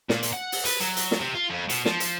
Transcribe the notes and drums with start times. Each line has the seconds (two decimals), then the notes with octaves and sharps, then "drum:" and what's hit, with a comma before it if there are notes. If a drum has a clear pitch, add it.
0.09 A#2, drum: snare
0.23 drum: hi-hat
0.33 F#5
0.52 drum: open hi-hat
0.65 B4, drum: hi-hat
0.80 F#3, drum: hi-hat
0.97 drum: hi-hat
1.11 drum: snare
1.21 C3
1.35 F4
1.50 F2
1.69 B2, drum: hi-hat
1.85 F3, drum: snare
2.00 drum: hi-hat